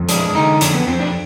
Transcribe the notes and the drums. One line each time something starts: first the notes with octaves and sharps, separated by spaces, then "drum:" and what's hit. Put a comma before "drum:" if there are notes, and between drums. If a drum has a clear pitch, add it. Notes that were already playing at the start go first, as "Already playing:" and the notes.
Already playing: F2
G#3 D4, drum: hi-hat
D3 D#4
F2 D4, drum: hi-hat
B3
F2 C4
D4